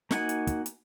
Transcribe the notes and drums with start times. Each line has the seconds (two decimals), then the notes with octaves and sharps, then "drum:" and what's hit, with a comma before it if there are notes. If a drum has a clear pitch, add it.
0.11 A#3 D#4 F#4 F#5 G#5, drum: snare
0.29 drum: hi-hat
0.47 drum: kick, hi-hat
0.66 drum: hi-hat